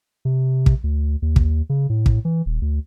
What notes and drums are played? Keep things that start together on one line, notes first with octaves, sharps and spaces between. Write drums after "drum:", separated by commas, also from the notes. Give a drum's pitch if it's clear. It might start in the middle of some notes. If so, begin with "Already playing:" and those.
C3
drum: kick
D2
D#2
drum: kick
C#3
A2
drum: kick
E3
D#1
D2